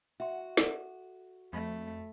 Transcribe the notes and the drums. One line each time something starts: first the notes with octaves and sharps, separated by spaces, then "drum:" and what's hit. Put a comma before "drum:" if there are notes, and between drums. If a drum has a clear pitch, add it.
F#4 E5 G5 C6
A4, drum: snare
F2 A3 B5